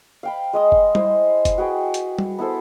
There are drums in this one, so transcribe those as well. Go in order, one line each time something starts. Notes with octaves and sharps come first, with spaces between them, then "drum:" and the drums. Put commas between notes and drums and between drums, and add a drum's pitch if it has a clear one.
F5 G5 B5
G#3 D#5 D#6
drum: kick F#1
E4 C5 D#5, drum: tom G3
drum: kick F#1, hi-hat
F#4 G#4 B4 G5
drum: hi-hat
drum: tom G3
B3 E4 A4 C5